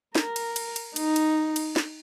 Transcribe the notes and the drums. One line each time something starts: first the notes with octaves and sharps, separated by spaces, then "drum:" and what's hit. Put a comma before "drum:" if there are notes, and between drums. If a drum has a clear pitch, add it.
A#4, drum: snare
drum: cymbal
drum: cymbal
drum: cymbal
D#4, drum: cymbal
drum: cymbal
drum: cymbal
drum: snare